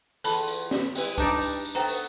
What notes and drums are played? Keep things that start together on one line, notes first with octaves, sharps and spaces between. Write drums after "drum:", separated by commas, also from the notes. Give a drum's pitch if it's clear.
E2 F4 A4 A5 B5, drum: tambourine
drum: tambourine
drum: snare
G3 E4 B4, drum: tambourine
D4 D#4 D5, drum: kick C#2, tambourine
drum: tambourine
drum: tambourine
A3 B3 C5 G5 A#5
drum: tambourine